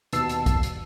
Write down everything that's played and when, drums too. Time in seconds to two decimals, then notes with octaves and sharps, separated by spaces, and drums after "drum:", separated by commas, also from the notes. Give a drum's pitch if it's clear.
0.13 D#2 B2 A5 E6 C7, drum: hi-hat
0.29 drum: hi-hat
0.46 drum: kick, hi-hat
0.63 drum: hi-hat